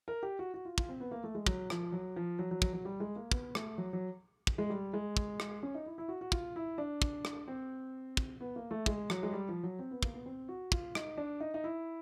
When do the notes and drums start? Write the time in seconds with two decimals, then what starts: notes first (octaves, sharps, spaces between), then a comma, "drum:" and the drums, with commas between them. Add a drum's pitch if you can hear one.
0.08 A#4
0.23 G4
0.39 F#4
0.54 F#4
0.65 F4
0.78 F4, drum: kick
0.89 C4
1.00 B3
1.11 A#3
1.24 A3
1.35 G#3
1.47 F#3, drum: kick
1.70 F3, drum: rim click
1.92 F#3
2.16 F3
2.39 F#3
2.51 F#3
2.62 F#3, drum: kick
2.73 F#3
2.85 G3
3.00 G#3
3.16 A#3
3.32 B3, drum: kick
3.55 A3, drum: rim click
3.78 F#3
3.93 F#3
4.47 drum: kick
4.58 G#3
4.70 G3
4.93 G#3
5.17 drum: kick
5.40 drum: rim click
5.63 C#4
5.74 D#4
5.86 E4
5.98 E4
6.08 F#4
6.21 F#4
6.32 F4, drum: kick
6.56 E4
6.78 D4
7.02 drum: kick
7.25 drum: rim click
7.48 C4
8.17 drum: kick
8.41 B3
8.56 A#3
8.71 A3
8.86 G#3, drum: kick
9.10 F#3, drum: rim click
9.23 G#3
9.33 G3
9.49 F3
9.64 F#3
9.79 C4
9.91 B3
10.03 A#3, drum: kick
10.14 B3
10.26 C4
10.49 F#4
10.72 F4, drum: kick
10.95 D#4, drum: rim click
11.17 D4
11.40 D#4
11.54 D#4
11.64 E4